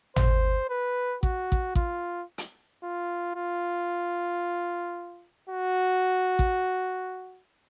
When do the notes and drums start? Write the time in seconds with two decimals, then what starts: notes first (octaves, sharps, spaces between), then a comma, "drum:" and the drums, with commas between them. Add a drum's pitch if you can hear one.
0.16 C5, drum: tom G#1
0.70 B4
1.23 F#4, drum: kick A1
1.52 drum: kick A1
1.75 F4, drum: kick A1
2.38 drum: hi-hat
2.83 F4
3.35 F4
5.49 F#4
6.39 drum: kick A1